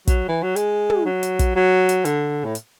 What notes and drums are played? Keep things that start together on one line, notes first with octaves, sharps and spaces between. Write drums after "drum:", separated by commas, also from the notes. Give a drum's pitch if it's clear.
F#3, drum: kick, hi-hat
E3
F#3
G#3, drum: hi-hat
drum: tom
F#3
drum: hi-hat
drum: kick, hi-hat
F#3
drum: hi-hat
D3, drum: hi-hat
A2
drum: hi-hat